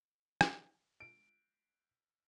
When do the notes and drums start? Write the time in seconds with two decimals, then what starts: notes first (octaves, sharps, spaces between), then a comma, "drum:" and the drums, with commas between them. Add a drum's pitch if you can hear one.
0.41 drum: rim click
1.00 D7